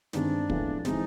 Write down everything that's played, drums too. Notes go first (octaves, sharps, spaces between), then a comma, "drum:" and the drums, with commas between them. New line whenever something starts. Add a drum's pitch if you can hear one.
G2 D#3 G#3 C4 D4, drum: snare
A2 F3 G#3 B3, drum: kick
E3 G#3 C4 D#4, drum: snare